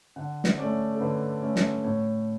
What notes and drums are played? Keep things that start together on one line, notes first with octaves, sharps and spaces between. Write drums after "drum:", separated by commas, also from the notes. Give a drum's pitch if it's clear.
D3 F#5
drum: snare
A3 C#4 D5
A4
D3 B4
A3 C#4
drum: snare
A2 C#5